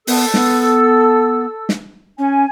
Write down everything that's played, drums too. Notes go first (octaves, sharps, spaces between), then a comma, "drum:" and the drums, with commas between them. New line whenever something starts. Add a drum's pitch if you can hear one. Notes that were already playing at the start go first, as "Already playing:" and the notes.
B3 A4 E6, drum: open hi-hat
B3, drum: snare
drum: snare
C#4 G#5